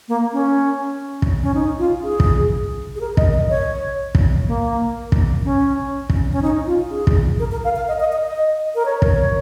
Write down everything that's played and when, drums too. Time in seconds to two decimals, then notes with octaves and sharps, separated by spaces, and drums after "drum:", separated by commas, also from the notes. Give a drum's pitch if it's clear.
0.08 A#3
0.33 C#4
1.22 drum: kick
1.43 C#4
1.55 D#4
1.79 F4
2.03 G#4
2.20 drum: kick
2.96 G#4
3.01 A#4
3.17 D#5, drum: kick
3.33 D#5
3.50 C#5
4.15 drum: kick
4.47 A#3
5.12 drum: kick
5.44 C#4
6.10 drum: kick
6.32 C#4
6.42 D#4
6.66 F4
6.91 G#4
7.07 drum: kick
7.40 A#4
7.52 A#4
7.64 F5
7.76 F5
7.88 D#5
8.00 D#5
8.12 D#5
8.25 D#5
8.75 A#4
8.86 C#5
9.02 drum: kick